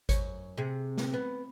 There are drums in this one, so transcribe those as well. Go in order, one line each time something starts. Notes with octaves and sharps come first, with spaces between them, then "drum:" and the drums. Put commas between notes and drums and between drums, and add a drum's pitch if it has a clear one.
F#2 C#5, drum: kick G#1, hi-hat
C3 G#4
drum: snare
B3